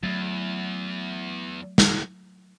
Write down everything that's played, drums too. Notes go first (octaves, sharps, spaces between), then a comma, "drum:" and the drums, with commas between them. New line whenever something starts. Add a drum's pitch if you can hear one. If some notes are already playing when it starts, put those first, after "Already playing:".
E2 F#3 A3
drum: snare